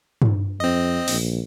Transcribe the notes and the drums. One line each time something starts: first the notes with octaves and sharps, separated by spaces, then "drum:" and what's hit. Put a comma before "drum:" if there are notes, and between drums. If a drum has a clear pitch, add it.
drum: tom G2
F2 C4 D#5
A#1, drum: open hi-hat